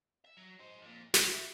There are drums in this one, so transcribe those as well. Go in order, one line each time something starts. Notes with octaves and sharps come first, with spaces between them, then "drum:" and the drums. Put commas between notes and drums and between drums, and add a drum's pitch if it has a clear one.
E5
F#3
D#4 C5
F2 A#2
C2, drum: snare
E5